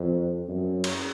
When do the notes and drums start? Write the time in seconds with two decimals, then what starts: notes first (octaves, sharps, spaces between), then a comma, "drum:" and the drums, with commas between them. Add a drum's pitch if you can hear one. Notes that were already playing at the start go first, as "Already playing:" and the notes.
Already playing: F2
0.48 F#2
0.84 drum: cymbal